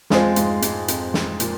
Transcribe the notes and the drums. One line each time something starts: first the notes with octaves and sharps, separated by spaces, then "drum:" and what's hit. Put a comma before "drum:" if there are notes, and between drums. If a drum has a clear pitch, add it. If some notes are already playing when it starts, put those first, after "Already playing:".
F2 G#3 F4 G#4 C5 F5, drum: snare
G#2, drum: hi-hat
G#2, drum: hi-hat
F2, drum: hi-hat
G#2, drum: snare
A#2, drum: hi-hat